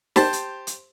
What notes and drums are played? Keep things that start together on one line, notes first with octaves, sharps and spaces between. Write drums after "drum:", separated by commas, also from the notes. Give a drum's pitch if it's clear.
G4 C5 A5 C6, drum: snare
drum: hi-hat
drum: hi-hat